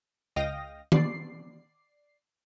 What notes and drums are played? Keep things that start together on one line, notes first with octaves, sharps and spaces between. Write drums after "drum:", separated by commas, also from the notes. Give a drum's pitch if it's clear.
C#2 D#5 F5 G5 D#6 A#6
D5 C7, drum: tom